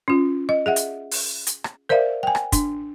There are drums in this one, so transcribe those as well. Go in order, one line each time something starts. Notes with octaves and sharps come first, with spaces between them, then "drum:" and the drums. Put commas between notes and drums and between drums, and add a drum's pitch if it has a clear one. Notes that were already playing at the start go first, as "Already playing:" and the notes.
C#4 F4
D#5
G#4 E5 F#5
drum: hi-hat
drum: open hi-hat
drum: hi-hat
drum: rim click
A#4 C5 D5 E5 F5
G5 G#5
drum: rim click
D4, drum: kick, hi-hat